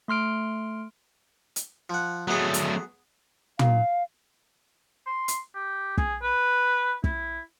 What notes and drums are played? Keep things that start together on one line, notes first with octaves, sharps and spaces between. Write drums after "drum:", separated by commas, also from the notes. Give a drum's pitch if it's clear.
A3 C6 F6 D7
drum: hi-hat
F3 F#5
F#3 A3 B3 G#4
drum: hi-hat
F5, drum: tom
C6
drum: hi-hat
G4
G#4, drum: kick
B4
E4, drum: kick